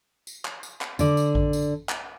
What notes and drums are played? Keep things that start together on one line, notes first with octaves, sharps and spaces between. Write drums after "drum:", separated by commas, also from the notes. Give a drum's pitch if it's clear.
drum: tambourine
drum: clap
drum: tambourine
drum: clap
D3 D5, drum: tambourine
drum: tambourine
drum: kick A1
drum: tambourine
drum: clap